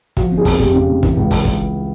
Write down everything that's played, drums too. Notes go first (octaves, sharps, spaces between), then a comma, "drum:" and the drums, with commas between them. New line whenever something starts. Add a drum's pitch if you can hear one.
F3 F#4, drum: kick, hi-hat
G1
G#4
F2, drum: kick, open hi-hat
F1 G4, drum: kick
C#3
F1
E3, drum: kick, hi-hat
C#2
drum: kick, open hi-hat
drum: kick